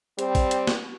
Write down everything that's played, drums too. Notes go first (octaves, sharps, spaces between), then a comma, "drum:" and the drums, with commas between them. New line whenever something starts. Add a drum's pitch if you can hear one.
G3 C4 G4, drum: hi-hat
drum: kick A1, open hi-hat
drum: hi-hat
drum: snare